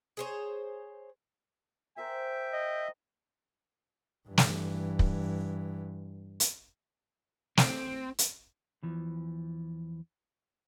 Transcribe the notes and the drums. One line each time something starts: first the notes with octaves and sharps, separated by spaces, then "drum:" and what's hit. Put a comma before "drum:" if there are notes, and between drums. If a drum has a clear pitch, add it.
G#4 C5 C#5
A#4 C5 E5 G5 G#5
D#5
G2 E3
drum: snare
drum: kick
drum: hi-hat
C4, drum: snare
drum: hi-hat
E2 E3 F3